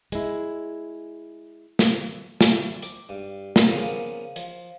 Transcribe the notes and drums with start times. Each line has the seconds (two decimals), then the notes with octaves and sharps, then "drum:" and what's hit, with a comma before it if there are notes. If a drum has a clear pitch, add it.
0.12 G#3 E4, drum: hi-hat
1.79 drum: snare
2.41 E4, drum: snare
2.82 D6, drum: hi-hat
3.09 G2
3.56 drum: snare
3.71 C#3 F3 A#3 B3
4.36 F3, drum: hi-hat